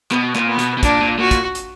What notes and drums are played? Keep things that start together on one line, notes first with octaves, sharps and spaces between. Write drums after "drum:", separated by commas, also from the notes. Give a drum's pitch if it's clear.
B2 B3, drum: clap
A#2, drum: clap
B3
B2, drum: hi-hat
B2
A#2 D4, drum: kick, hi-hat
A#2
A#2 F#4
drum: kick, hi-hat
drum: hi-hat